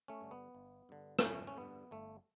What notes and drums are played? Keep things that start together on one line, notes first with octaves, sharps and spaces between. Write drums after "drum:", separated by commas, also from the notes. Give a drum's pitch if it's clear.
A3 C#4
G2 D3
B3
G1
G2 D3
D4, drum: rim click
G1 A3 C#4
C#4
G2 D3 B3
G1 A3